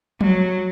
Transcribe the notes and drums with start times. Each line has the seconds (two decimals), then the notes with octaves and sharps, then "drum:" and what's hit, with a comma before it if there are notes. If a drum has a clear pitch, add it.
0.21 F#3, drum: tom F#3